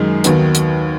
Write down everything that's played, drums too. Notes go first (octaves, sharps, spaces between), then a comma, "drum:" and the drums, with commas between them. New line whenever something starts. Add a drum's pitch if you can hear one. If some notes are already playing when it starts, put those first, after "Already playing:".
Already playing: F#2 D#3 G#3 D#4
D#2 D#3 F#3 B3, drum: hi-hat
drum: hi-hat